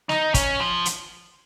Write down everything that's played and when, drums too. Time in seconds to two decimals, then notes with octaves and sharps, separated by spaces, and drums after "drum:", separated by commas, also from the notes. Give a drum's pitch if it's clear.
0.09 D#4, drum: snare
0.34 C#4, drum: kick, hi-hat
0.60 F3
0.85 drum: hi-hat